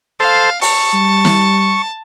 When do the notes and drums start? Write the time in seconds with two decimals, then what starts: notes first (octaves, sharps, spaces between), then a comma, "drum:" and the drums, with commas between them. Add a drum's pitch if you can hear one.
0.20 A4 C5 F5
0.62 A5 C#6, drum: open hi-hat
0.93 G3
1.25 drum: snare